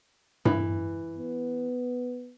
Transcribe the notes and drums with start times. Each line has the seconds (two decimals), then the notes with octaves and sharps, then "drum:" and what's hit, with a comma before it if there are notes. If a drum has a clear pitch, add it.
0.45 E3, drum: tom G2
1.18 B3